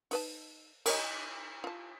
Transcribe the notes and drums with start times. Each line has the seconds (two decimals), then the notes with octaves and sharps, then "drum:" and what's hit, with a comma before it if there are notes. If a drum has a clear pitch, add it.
0.11 D#4 B4 A5, drum: open hi-hat
0.86 A#4 C#5 D#5, drum: cymbal
1.64 F4 A5